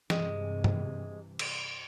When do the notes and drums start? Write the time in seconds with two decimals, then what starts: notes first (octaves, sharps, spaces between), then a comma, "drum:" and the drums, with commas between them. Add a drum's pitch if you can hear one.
0.10 G2 C3 E3 G#3, drum: snare
0.64 drum: tom G2
1.39 drum: cymbal